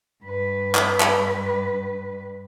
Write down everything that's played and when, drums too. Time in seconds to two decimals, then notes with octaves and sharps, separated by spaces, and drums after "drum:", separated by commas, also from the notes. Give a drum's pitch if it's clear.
0.24 G2 B4
0.75 drum: clap
1.00 drum: clap